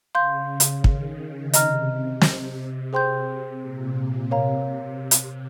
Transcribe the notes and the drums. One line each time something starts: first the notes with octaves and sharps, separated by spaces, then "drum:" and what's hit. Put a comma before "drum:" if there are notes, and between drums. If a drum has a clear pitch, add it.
C#3 F5 C6 G6
drum: hi-hat
D#3, drum: kick
C3 D#5 A#5 F6, drum: hi-hat
drum: snare
G#4 C5 G5 C6 G6
A#2
A#2
C3 A#4 C#5 F5 A#5
C3
drum: hi-hat